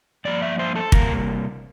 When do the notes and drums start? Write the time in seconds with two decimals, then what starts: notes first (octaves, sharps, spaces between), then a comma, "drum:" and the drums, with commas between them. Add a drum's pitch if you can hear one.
0.25 G2 F3 A#3 D5
0.42 E5
0.59 C5
0.76 A4
0.92 C3 G3 A#3 A#4, drum: kick